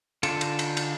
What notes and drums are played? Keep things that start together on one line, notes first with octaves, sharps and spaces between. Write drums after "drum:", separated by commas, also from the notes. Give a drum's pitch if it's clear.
D3 F4 A4, drum: cymbal
drum: cymbal
drum: cymbal
drum: cymbal